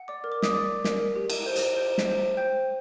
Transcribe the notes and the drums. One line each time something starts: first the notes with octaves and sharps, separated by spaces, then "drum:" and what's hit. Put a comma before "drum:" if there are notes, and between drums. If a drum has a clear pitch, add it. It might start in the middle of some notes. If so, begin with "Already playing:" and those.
Already playing: F#5
D5 D6
A#4
D6
D#6, drum: snare
D5 D6
A#4, drum: snare
G4
drum: cymbal
C5
drum: hi-hat
C5
drum: snare
C5
C5 G5 G6